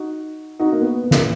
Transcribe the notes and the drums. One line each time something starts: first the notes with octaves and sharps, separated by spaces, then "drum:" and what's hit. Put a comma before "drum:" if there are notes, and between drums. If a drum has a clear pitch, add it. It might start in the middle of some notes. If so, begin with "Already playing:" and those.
Already playing: D#4 F#4
D#4 F#4
A#3
B3
B3
A#3, drum: snare